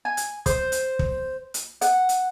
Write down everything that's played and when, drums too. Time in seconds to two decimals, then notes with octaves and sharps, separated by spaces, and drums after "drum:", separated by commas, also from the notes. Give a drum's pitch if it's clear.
0.05 G#5
0.17 drum: hi-hat
0.46 C5, drum: kick, hi-hat
0.72 drum: hi-hat
0.99 drum: kick
1.54 drum: hi-hat
1.81 F#5, drum: hi-hat
2.09 drum: hi-hat